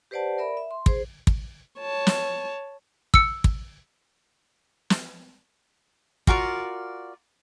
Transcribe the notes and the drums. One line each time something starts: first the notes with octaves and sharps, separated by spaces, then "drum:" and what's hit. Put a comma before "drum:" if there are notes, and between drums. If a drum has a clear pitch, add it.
G4 B4 C5 D5 F#5 A5
A#4 D5 E5 B5
E5
C6
G#4 C5, drum: kick
drum: kick
C#5 A5
drum: snare
E6 C#7, drum: kick
drum: kick
drum: snare
F4 F#4 A#4 D5, drum: kick